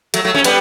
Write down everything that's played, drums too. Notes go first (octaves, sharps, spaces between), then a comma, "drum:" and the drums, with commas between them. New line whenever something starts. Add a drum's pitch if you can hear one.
F#3 A3, drum: hi-hat
F#3 A3
A3 C#4
G3 B3, drum: hi-hat